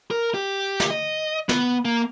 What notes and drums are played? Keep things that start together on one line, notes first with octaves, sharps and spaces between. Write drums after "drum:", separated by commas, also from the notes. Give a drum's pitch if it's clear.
A#4
G4
drum: snare
D#5
B3, drum: snare
A#3